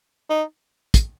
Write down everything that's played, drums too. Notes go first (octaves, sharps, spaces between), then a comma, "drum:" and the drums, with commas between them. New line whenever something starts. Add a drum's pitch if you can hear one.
D#4
drum: kick, hi-hat